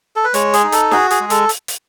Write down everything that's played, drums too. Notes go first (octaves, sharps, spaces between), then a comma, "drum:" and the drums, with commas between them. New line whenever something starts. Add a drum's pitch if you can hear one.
A4
B4
G#3 C#5, drum: hi-hat
G#4, drum: hi-hat
D#4
A4, drum: hi-hat
F#4 G#4, drum: snare
G#4, drum: hi-hat
G#3
A4, drum: hi-hat
drum: hi-hat
drum: hi-hat